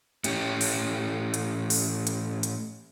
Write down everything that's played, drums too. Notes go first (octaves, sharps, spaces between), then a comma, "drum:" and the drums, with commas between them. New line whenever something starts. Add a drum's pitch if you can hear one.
A2 C#4 G4, drum: hi-hat
drum: open hi-hat
drum: hi-hat
drum: open hi-hat
drum: hi-hat
drum: hi-hat